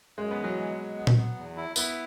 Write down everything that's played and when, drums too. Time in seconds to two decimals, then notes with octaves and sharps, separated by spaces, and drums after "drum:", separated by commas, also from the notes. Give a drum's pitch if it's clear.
0.18 F#2 G#3
0.31 B3
0.38 E3
0.44 F#3
0.57 G#3
0.77 G#3
0.97 B3
1.07 drum: tom A#2
1.17 B3
1.37 E2
1.57 E4
1.76 B3 E4, drum: tambourine